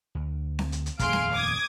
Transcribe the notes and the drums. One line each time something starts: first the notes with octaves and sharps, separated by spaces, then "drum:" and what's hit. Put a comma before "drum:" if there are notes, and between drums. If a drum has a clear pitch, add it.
D2
drum: snare C4
drum: hi-hat
drum: hi-hat
D#1 F2 A3 G#4 F5 C6 D7, drum: kick, hi-hat
drum: snare C4
D6 D#6 G#6